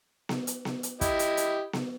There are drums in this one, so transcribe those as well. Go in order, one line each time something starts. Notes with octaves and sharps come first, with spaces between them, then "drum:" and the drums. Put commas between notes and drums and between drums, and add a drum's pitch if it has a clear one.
drum: snare B3
drum: hi-hat
drum: snare B3
drum: hi-hat
E4 G4 D#5, drum: kick, hi-hat
drum: hi-hat
drum: hi-hat
drum: snare B3